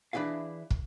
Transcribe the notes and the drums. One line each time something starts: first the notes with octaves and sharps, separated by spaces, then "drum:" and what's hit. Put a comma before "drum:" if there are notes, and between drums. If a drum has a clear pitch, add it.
E3 D4 E4 G#4 F5
drum: kick